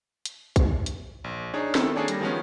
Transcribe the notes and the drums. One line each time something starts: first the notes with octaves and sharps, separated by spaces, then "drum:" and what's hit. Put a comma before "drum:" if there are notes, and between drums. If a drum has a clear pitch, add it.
drum: hi-hat
drum: kick, hi-hat
drum: hi-hat
A#1
D4 D#4 G#4 C#5
D#3 C4 D4 E4 A4, drum: snare
A#3 D4 G#4 A4 C#5 D5
G3 A#6, drum: hi-hat
D#3 F3 G#3 B3 C#4